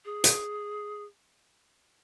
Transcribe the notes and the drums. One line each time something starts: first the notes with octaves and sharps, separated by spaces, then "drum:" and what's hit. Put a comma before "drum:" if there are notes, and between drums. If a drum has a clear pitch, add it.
G#4
drum: hi-hat